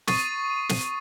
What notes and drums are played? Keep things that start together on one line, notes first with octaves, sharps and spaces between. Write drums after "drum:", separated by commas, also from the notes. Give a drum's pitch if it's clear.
C#6 D#6 A6 C7 D#7, drum: snare
drum: snare